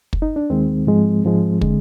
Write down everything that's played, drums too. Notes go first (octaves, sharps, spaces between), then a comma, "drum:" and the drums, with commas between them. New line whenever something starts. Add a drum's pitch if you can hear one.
drum: kick
D#4
D4
D#2 D#3 G#3 C4
G#2 F3 G#3
G#2 F3 G#3
D3 G#3, drum: kick